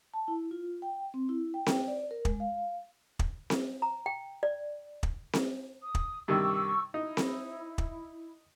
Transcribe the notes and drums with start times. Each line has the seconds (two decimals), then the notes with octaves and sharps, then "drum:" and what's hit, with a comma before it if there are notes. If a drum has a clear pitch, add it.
0.14 A5
0.28 E4
0.51 F4
0.82 G5
1.14 C4
1.29 E4
1.54 G5
1.66 drum: snare C4
1.88 D5
2.11 A#4
2.25 G#3, drum: kick
2.40 F5
3.19 drum: kick
3.50 drum: snare C4
3.82 A#5
4.06 G5
4.43 D5
5.03 drum: kick
5.33 drum: snare C4
5.84 D#6
5.95 drum: kick
6.28 G2 C3 D#3 C#6 D6 E6
6.94 D#4 E4
7.17 drum: snare C4
7.78 drum: kick